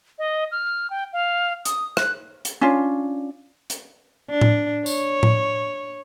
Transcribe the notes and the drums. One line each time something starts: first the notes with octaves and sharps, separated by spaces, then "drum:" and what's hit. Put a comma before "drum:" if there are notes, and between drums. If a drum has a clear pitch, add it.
D#5
F6
G5
F5
D#6, drum: hi-hat
F#6, drum: rim click
drum: hi-hat
C#4 D4 F4
drum: hi-hat
D4
drum: tom A2
C#5, drum: tambourine
drum: tom A2